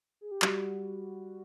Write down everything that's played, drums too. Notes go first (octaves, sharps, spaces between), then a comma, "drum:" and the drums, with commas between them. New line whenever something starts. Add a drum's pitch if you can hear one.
G#4
G4
G3 F#4, drum: clap